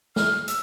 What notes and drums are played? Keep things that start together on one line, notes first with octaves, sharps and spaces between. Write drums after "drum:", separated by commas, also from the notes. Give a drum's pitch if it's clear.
F6, drum: snare
E6, drum: hi-hat